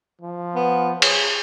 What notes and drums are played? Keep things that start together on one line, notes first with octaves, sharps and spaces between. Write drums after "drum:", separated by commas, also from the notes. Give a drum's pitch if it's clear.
F3
B3
G#4 C#5, drum: cymbal